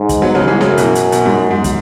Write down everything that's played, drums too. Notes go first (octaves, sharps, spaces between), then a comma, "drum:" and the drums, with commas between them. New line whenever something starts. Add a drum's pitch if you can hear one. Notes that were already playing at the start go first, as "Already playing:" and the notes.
Already playing: G#2
drum: kick, hi-hat
F#3 B3
C#3 F#3
E3 G#3
F#2 C#3 F#3, drum: snare
B2 E3, drum: hi-hat
drum: hi-hat
B2, drum: hi-hat
G#2
G#2
drum: kick, hi-hat